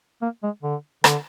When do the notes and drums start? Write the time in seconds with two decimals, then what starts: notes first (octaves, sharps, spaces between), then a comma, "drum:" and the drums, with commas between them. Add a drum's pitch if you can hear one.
0.22 A#3
0.43 G#3
0.63 D3
1.04 D3, drum: rim click